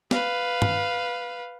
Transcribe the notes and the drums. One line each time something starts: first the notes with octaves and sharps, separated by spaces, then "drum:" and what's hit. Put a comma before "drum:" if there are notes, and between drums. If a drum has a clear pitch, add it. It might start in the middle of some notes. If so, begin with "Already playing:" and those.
B4 F5, drum: snare
drum: tom